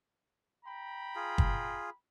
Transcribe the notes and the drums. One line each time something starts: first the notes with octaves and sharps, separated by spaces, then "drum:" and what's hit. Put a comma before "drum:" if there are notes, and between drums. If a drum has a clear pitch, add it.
G5 A#5 B5
F4 G#4
drum: kick